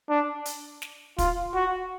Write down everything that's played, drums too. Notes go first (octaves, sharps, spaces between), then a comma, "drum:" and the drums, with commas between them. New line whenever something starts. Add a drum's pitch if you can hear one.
D4
drum: hi-hat
drum: snare
F4, drum: kick, hi-hat
F#4